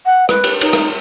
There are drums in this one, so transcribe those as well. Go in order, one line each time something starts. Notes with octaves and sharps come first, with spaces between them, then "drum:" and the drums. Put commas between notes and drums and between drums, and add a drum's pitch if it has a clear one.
F#5
B4, drum: rim click
drum: cymbal
D#4, drum: cymbal
drum: rim click